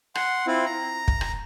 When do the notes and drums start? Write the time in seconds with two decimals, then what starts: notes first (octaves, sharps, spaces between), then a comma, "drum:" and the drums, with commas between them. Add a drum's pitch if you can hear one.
0.15 F#5 C6, drum: rim click
0.47 C4 E4 F4
0.66 A#5
1.08 drum: kick
1.21 drum: rim click